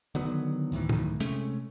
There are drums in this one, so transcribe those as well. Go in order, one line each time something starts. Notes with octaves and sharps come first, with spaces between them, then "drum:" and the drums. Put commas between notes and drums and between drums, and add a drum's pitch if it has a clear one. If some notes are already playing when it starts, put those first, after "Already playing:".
D3 D#3 F#3 B3
D2 A2 D#3 E3
drum: tom A#2
C3 G#3 A3 C#4, drum: hi-hat